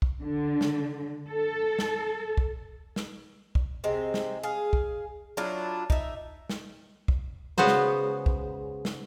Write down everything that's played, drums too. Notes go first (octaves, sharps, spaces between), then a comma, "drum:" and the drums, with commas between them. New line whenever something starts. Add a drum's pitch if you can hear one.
drum: kick
D3
drum: snare
A4
drum: snare
drum: kick
drum: snare
drum: kick
C3 G#3 C4
drum: snare
G#4 F5
drum: kick
F#3 D4 E4 F4
D#4 E5, drum: kick
drum: snare
drum: kick
C#3 G#3 B3 F#4 C5
drum: snare
drum: kick
drum: snare